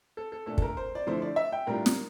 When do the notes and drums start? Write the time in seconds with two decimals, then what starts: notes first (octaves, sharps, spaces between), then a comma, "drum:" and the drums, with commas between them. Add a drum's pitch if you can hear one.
0.17 A4
0.32 A4
0.46 A#2 A3 D4 A4
0.58 A4, drum: kick
0.62 A#4
0.77 C5
0.95 D5
1.07 D3 F3 A3 E4 C5
1.22 D5
1.36 E5
1.52 G5
1.67 A2 G3 D4 F4 A#4
1.86 drum: snare